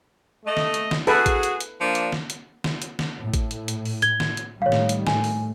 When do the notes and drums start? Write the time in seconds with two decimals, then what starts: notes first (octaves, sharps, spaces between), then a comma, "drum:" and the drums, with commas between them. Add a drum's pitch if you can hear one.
0.45 A3 D#5
0.57 drum: snare
0.74 drum: hi-hat
0.91 drum: snare
1.07 F#4 G#4 A4 B4, drum: open hi-hat
1.26 drum: kick A1, hi-hat
1.43 drum: hi-hat
1.61 drum: hi-hat
1.81 F3 A#3 D4
1.95 drum: hi-hat
2.12 drum: snare
2.30 drum: hi-hat
2.64 drum: snare
2.82 drum: hi-hat
2.99 drum: snare
3.21 A2
3.34 drum: kick A1, hi-hat
3.51 drum: hi-hat
3.68 drum: hi-hat
3.85 drum: open hi-hat
4.02 G#6 G7, drum: hi-hat
4.20 drum: snare
4.37 drum: hi-hat
4.62 A2 D#3 G3 C#5 F5
4.72 drum: snare
4.89 drum: hi-hat
5.07 A2 G#5, drum: snare
5.24 drum: open hi-hat